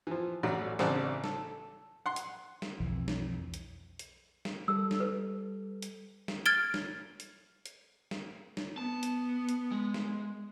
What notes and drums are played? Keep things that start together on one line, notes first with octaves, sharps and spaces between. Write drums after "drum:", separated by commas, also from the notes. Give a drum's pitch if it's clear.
E3 F3
A1 A2 F#3 F#4 D5
A1 C#3 C4 D4 D5 F#5, drum: snare
A4, drum: snare
F#5 C6
drum: hi-hat
drum: snare
B1 F2 E3
drum: snare
drum: hi-hat
drum: hi-hat
drum: snare
G3 A4 E6
drum: snare
B4
drum: hi-hat
drum: snare
F6 G#6 A6 D7 G7
drum: snare
drum: hi-hat
drum: hi-hat
drum: snare
drum: snare
B3 A5
drum: hi-hat
drum: hi-hat
G#3
drum: snare